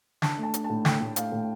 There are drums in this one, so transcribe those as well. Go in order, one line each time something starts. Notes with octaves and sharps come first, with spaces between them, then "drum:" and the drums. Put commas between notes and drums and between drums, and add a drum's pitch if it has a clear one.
D4 A5, drum: snare
A3
A5
D4, drum: hi-hat
A5
A2
A3 G5, drum: snare
A2
A3 F5, drum: hi-hat
A2